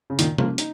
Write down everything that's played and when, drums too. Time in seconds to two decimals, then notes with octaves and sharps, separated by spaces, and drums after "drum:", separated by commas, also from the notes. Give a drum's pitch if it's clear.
0.10 C#3
0.19 A#2 D#3, drum: hi-hat
0.38 F3 A#3, drum: tom
0.58 D#4, drum: hi-hat